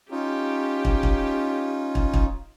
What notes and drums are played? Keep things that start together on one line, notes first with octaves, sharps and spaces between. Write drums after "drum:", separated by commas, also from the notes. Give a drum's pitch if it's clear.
C#4 D#4 F4 G4
drum: kick
drum: kick
drum: kick
drum: kick